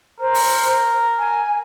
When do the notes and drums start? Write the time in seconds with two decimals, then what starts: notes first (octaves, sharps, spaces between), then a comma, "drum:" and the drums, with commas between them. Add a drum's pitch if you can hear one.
0.20 A#4 C5
0.34 drum: open hi-hat
1.19 G#5